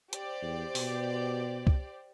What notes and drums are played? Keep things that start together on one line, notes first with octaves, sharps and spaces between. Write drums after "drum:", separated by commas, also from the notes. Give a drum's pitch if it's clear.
G4 C5 D5, drum: hi-hat
E2
B2, drum: open hi-hat
drum: kick C2